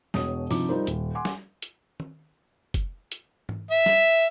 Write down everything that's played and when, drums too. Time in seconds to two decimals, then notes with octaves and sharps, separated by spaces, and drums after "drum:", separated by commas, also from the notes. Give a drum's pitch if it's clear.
0.14 E1 B2 C#5 D#6, drum: snare
0.51 G2 C3 F3 D#4 D6, drum: open hi-hat
0.69 G3 D#4 F4 A#4 C5
0.87 D#1, drum: hi-hat
1.15 F#5 G#5 C6 D6
1.25 drum: snare
1.62 drum: hi-hat
2.00 drum: tom
2.74 drum: kick, hi-hat
3.12 drum: hi-hat
3.49 drum: tom G#2
3.71 E5
3.86 drum: snare